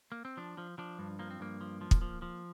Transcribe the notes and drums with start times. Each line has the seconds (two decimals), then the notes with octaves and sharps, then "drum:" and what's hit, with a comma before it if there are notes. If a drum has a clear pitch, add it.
0.12 A#3
0.25 C4
0.37 F3 D4
0.58 F3
0.78 F3 D4
0.99 G2
1.19 F3 A#3
1.30 C4
1.40 G2 A#3
1.61 F3
1.81 F3
1.91 drum: kick
2.01 F3
2.22 F3